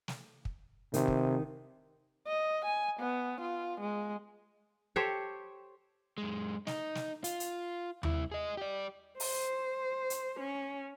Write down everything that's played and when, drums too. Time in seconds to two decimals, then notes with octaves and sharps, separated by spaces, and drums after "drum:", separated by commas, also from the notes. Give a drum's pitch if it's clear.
0.08 drum: snare
0.45 drum: kick
0.94 C3 D#3, drum: hi-hat
1.08 drum: kick
2.27 D#5
2.65 G#5
3.00 B3
3.41 F4
3.81 G#3
4.96 G4 A4 C5 C#5
6.18 F#2 G#3
6.67 D#4, drum: snare
6.95 drum: snare
7.24 F4, drum: hi-hat
7.40 drum: hi-hat
8.03 C2 E4, drum: tom D#2
8.32 G#4 D#5
8.57 G4 D5
9.20 C5, drum: open hi-hat
10.10 drum: hi-hat
10.40 C#4